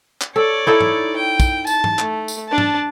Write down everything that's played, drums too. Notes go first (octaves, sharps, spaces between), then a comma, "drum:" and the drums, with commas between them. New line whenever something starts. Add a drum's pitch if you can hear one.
drum: clap
A4 C#5 D5
D#4 E4 A4
drum: tom G#2
G5
drum: kick, tambourine
A5, drum: tambourine
drum: tom G#2
A3, drum: clap
drum: tambourine
D4 A5
drum: tom G#2